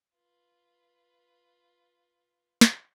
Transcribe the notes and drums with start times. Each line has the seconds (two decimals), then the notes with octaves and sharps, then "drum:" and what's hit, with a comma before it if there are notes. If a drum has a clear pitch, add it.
0.15 F4 B4
2.61 drum: snare